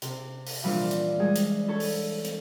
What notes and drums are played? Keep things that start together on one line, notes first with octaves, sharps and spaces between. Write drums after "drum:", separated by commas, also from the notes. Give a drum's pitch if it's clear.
C3, drum: hi-hat
drum: open hi-hat
A#2 E3 F3 G3 D4 E4
drum: hi-hat
G3 G#3 G#4
drum: hi-hat
E4 A4 C#5
drum: open hi-hat
drum: hi-hat